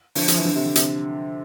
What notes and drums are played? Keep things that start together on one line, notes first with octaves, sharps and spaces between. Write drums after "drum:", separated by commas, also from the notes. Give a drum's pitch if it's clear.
D3 F3, drum: open hi-hat
F3, drum: hi-hat
E3
D3
C3
D3
C3, drum: hi-hat